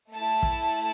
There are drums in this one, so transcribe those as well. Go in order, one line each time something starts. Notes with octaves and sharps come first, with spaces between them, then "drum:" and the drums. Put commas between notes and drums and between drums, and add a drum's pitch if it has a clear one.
A3 E4 A5
drum: kick